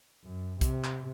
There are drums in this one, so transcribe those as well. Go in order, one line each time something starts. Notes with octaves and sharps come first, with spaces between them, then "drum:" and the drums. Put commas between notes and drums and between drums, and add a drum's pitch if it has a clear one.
F#2
C3, drum: kick B1, hi-hat
drum: clap